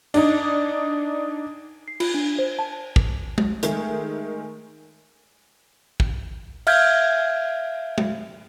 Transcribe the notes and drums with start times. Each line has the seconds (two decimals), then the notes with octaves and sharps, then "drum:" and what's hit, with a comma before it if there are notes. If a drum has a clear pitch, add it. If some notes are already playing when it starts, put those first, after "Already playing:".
0.14 D4 D#4, drum: cymbal
1.88 C7
2.00 F4, drum: cymbal
2.14 D4
2.38 C5
2.59 A5
2.96 drum: kick
3.38 drum: tom G#3
3.63 D#3 G#3 A3 G#4, drum: hi-hat
6.00 drum: kick
6.67 E5 F5 F6 G6 G#6, drum: cymbal
7.98 drum: tom G#3